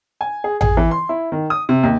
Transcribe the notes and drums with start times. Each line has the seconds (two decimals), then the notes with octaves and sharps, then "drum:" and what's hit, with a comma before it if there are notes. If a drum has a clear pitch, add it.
0.21 G#5
0.44 G#4
0.61 G#4, drum: tom A1
0.77 E3
0.91 C6
1.09 E4
1.32 D#3
1.50 D#6
1.69 C3
1.83 D#2